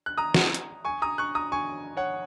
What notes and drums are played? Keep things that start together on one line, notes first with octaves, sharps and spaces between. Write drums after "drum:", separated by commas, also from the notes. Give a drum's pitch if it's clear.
F#6
A#5 D#6
drum: snare
drum: hi-hat
G#5 C#6
A#5 D#6
C#6 F#6
A#5 D#6
G#5 C#6
C#5 F#5